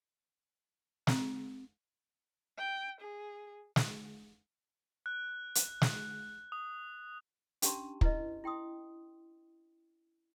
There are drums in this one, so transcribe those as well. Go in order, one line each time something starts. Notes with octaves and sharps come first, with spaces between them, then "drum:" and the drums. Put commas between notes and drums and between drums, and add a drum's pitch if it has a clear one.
C4, drum: snare
G5
G#4
drum: snare
F#6
drum: hi-hat
drum: snare
D#6
C#4 D4 G4 A5 C6, drum: hi-hat
E4 B4 D#5, drum: kick
E4 G5 C6 D#6